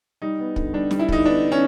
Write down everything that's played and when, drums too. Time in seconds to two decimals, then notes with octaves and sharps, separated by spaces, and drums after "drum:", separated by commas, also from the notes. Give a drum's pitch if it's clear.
0.22 G3 D#4
0.39 B3
0.56 D3, drum: kick
0.73 G3 D4
0.91 G3, drum: snare
0.99 E4
1.09 D3 D#4, drum: kick
1.25 B3 D4
1.52 C#4